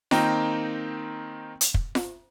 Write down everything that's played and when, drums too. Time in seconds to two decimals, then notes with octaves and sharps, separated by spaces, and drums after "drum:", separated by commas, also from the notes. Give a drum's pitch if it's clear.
0.11 D#3 A#3 C4 D#4 G5 A#5, drum: snare F4
1.61 drum: hi-hat
1.74 drum: kick
1.95 drum: snare F4